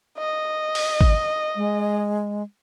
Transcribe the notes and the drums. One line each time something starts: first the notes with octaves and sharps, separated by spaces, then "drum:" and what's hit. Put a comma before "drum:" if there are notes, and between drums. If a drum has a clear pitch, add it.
D#5
drum: open hi-hat
drum: kick G#1
G#3